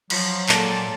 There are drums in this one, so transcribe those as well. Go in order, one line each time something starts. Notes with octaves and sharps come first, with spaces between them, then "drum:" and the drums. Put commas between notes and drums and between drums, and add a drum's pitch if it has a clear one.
F3 F#3, drum: cymbal
A#2 G#3 A#3 A4 A5, drum: clap